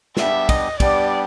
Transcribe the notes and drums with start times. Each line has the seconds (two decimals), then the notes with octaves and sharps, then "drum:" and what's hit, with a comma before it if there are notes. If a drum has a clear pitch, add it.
0.17 G3 B3 D4 G4 E5, drum: snare
0.49 D#5, drum: kick, cymbal
0.80 G3 B3 D4 G4 D5, drum: kick, cymbal